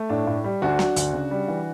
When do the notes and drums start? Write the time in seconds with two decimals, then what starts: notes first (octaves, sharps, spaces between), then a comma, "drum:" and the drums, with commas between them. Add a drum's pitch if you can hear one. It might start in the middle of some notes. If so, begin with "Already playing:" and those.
Already playing: A3
0.09 A2 D4
0.27 A2
0.44 G3
0.62 D2 D4 F#4
0.79 F#3, drum: snare
0.96 D2, drum: hi-hat
1.13 C#3
1.31 G3
1.48 E3